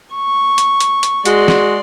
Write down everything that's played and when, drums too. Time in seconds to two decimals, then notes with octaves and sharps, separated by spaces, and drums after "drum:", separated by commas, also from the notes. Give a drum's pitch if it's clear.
0.15 C#6
0.58 drum: hi-hat
0.80 drum: hi-hat
1.03 drum: hi-hat
1.25 G#3 F#4 G#4 D5 C6, drum: hi-hat
1.48 drum: snare